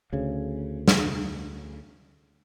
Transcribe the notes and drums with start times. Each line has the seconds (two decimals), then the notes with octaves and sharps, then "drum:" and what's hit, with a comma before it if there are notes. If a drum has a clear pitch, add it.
0.13 D2 C#3
0.88 drum: snare